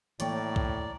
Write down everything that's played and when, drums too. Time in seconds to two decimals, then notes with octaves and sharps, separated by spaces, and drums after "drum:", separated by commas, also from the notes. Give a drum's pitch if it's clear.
0.20 A2 E3 A#3 C#5 D5 G5 A#5, drum: hi-hat
0.56 drum: kick B1